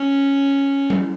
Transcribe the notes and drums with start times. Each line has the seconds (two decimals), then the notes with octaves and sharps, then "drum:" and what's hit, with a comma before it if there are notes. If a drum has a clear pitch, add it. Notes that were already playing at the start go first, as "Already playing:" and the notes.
Already playing: C#4
0.90 drum: tom F#3